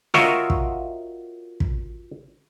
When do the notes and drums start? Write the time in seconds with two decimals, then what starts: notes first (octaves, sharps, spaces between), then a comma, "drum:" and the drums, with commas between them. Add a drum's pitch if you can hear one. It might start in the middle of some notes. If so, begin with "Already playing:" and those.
0.14 F4 F#4 A#4 C#5 D#5 E5, drum: snare
0.50 drum: kick
1.60 drum: kick